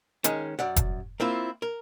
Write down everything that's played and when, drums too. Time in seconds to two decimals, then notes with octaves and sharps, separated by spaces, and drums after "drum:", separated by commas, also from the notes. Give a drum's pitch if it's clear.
0.24 D#3 G#3 C#4, drum: hi-hat
0.59 F#2 D5 F#5
0.76 drum: kick F1, hi-hat
1.20 A#3 C4 E4 F4
1.62 A#4